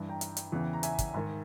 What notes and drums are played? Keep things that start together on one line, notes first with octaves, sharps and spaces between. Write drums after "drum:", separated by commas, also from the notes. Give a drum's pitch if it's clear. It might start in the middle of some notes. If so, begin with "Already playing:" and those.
Already playing: G2 E3
G5 A#5
drum: hi-hat
drum: hi-hat
E2 C#3 E3
A#5
E5 G#5, drum: hi-hat
drum: kick, hi-hat
G#2 D#3